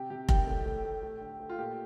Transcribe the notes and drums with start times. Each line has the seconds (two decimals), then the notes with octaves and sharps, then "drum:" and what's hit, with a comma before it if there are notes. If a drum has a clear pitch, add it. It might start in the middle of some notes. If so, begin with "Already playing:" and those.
Already playing: C3 G4
0.10 C3 G4
0.29 D#3 G4, drum: kick F1
0.47 A2
0.65 A3
0.84 A3
1.02 A3
1.21 D3
1.40 A3
1.49 F4
1.58 A#2 G4